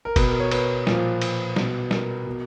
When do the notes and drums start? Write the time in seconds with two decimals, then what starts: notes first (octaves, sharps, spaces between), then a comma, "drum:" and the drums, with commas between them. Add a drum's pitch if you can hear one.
0.05 A#4
0.16 B2 B4, drum: kick F#1, cymbal
0.28 A#4
0.40 C#5
0.51 B4, drum: cymbal
0.87 A#2 F3, drum: snare
1.22 drum: cymbal
1.56 B2, drum: snare
1.91 A#4, drum: snare
2.27 B2